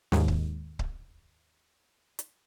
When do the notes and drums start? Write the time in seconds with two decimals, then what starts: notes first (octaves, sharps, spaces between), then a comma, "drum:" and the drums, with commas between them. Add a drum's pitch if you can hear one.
0.12 D#2 G#2, drum: snare
0.28 drum: kick C#1
0.79 drum: kick C#1
2.19 drum: hi-hat